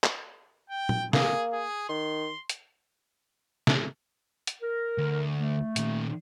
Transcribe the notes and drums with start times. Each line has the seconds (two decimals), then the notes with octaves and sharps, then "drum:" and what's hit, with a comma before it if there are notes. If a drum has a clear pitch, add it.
0.04 drum: clap
0.70 G5
0.89 drum: tom
1.13 A#3 G#4, drum: snare
1.52 G#4
1.89 D#3 C6
2.50 drum: hi-hat
3.67 drum: snare
4.47 drum: hi-hat
4.62 A#4
4.98 D2
5.37 A3
5.76 A#2 D#3, drum: hi-hat